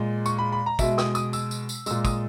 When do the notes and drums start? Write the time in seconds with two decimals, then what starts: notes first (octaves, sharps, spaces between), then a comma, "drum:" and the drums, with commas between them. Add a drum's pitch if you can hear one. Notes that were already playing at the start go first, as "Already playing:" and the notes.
Already playing: A#2 G#3
0.26 C#6, drum: tambourine
0.39 B5
0.52 B5
0.66 A#5
0.79 B2 G#3 E5, drum: kick, tambourine
0.98 D#6, drum: snare
1.15 D#6, drum: tambourine
1.33 E6, drum: tambourine
1.51 drum: tambourine
1.69 drum: tambourine
1.86 A#2 G#3 E6, drum: tambourine
2.05 D#6, drum: kick, tambourine